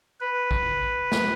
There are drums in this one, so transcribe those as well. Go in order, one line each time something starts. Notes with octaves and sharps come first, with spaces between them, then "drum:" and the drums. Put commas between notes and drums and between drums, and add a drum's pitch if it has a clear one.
B4
drum: kick A#1
drum: snare